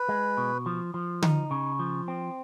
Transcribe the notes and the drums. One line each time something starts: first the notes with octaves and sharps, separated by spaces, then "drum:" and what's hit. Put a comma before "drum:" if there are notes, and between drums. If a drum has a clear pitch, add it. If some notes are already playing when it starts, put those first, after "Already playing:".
Already playing: B4
G#3
B2
F3
F3
D#4, drum: tom D3
C#3
F3
C4